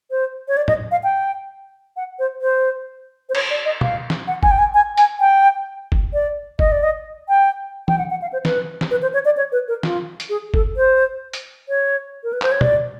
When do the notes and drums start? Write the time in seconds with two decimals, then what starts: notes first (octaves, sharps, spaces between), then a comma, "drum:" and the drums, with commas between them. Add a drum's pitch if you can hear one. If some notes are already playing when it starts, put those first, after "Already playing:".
0.11 C5
0.48 C#5
0.57 D5
0.68 D#5, drum: tom
0.91 F5
1.04 G5
1.96 F#5
2.19 C5
2.42 C5
3.29 C5
3.35 C#5, drum: cymbal
3.50 D5
3.65 D#5
3.81 F5, drum: tom
4.10 drum: snare
4.28 F#5
4.43 G#5, drum: kick G#1
4.51 G5
4.58 G#5
4.74 G#5
4.97 G#5, drum: hi-hat
5.20 G5
5.92 drum: kick G#1
6.13 D5
6.59 D#5, drum: kick G#1
6.72 D5
6.83 D#5
7.29 G5
7.88 G5, drum: tom
7.98 F#5
8.10 F#5
8.22 F5
8.33 C5
8.45 B4, drum: snare
8.81 drum: snare
8.91 B4
9.02 C5
9.13 C#5
9.25 D5
9.37 C#5
9.52 B4
9.68 A#4
9.83 F4, drum: snare
10.20 drum: hi-hat
10.29 G#4
10.54 A4, drum: kick G#1
10.76 C5
11.33 drum: hi-hat
11.69 C#5
12.24 A#4
12.33 B4
12.42 C5, drum: clap
12.52 C#5
12.61 D5, drum: tom